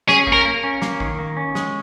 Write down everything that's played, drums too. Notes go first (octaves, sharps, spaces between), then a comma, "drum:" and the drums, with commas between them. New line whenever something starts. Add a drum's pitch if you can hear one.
C#4 G#4, drum: snare
A#3, drum: kick
A#4
A#3
C#4
A#3, drum: snare
D#3, drum: kick
A#3
C#4
G#3, drum: snare